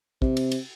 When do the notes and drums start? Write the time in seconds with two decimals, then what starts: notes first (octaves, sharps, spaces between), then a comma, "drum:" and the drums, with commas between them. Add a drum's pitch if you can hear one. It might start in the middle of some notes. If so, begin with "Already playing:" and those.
0.22 C3, drum: kick
0.37 drum: cymbal
0.52 drum: cymbal